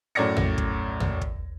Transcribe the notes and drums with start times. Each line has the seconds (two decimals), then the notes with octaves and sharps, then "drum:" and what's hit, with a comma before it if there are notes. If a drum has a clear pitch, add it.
0.15 F#2 A2 C#5 D5 A#6 C#7
0.37 drum: tom
0.58 drum: kick
1.00 drum: tom
1.21 drum: kick